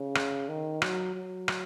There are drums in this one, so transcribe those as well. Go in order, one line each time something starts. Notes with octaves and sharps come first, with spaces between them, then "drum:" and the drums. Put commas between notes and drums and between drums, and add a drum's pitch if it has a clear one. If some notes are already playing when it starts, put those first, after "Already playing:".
Already playing: C#3
drum: rim click
D#3
F#3, drum: rim click
F#3
drum: rim click